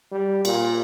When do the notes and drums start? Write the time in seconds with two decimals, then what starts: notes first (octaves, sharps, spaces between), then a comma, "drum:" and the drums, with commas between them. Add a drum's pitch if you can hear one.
0.12 G3
0.45 A#2, drum: cymbal